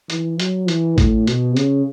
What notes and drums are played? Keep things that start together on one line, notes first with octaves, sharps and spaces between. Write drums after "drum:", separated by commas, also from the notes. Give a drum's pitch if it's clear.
E3, drum: hi-hat
F#3, drum: hi-hat
E3, drum: hi-hat
A2, drum: kick A1, hi-hat
B2, drum: hi-hat
C#3, drum: hi-hat